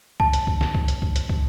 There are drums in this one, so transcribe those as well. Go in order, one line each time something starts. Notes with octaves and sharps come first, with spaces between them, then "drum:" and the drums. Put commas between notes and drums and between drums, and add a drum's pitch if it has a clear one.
A5, drum: kick
drum: hi-hat
drum: kick
drum: snare
drum: kick
drum: hi-hat
drum: kick
drum: hi-hat
drum: kick